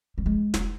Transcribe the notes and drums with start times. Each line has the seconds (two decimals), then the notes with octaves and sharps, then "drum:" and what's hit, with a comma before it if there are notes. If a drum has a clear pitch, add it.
0.18 G3
0.26 G#3
0.54 drum: snare